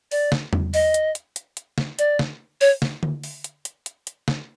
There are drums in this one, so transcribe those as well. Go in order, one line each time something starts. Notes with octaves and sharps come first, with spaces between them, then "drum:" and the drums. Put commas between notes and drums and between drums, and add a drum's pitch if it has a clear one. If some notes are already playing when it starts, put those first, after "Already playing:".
D5, drum: open hi-hat
drum: snare
drum: tom E2
D#5, drum: open hi-hat
drum: hi-hat
drum: hi-hat
drum: hi-hat
drum: hi-hat
drum: snare
D5, drum: hi-hat
drum: snare
C#5, drum: open hi-hat
drum: snare
drum: tom D3
drum: open hi-hat
drum: hi-hat
drum: hi-hat
drum: hi-hat
drum: hi-hat
drum: snare